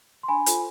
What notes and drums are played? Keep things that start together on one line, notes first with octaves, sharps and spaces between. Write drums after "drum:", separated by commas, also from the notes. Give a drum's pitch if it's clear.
C6
D4 G#5 B5
F4 A4 C5, drum: hi-hat